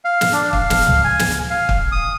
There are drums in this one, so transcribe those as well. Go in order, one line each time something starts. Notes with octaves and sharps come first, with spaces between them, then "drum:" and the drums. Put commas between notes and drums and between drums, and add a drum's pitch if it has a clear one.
F5
drum: snare
D4
F5, drum: kick
drum: snare
drum: tom C#2
G#5
drum: snare
F5
drum: kick
D#6